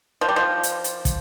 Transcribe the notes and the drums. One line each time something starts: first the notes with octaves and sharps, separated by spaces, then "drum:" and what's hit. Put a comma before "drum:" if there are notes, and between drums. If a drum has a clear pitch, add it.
F3
G3
F3
drum: hi-hat
drum: hi-hat
drum: kick, hi-hat